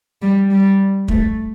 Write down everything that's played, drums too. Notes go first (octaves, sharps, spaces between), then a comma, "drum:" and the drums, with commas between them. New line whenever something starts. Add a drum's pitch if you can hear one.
G3
G3
A3, drum: kick